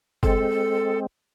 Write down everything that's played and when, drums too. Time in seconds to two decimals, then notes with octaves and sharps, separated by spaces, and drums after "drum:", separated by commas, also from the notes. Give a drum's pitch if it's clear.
0.23 G#3 C4 A4, drum: kick